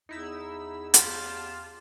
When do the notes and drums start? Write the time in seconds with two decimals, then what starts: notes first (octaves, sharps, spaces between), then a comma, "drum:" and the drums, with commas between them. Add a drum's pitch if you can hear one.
0.09 E2 D#4 E4 E6
0.94 F4 G4 A5, drum: hi-hat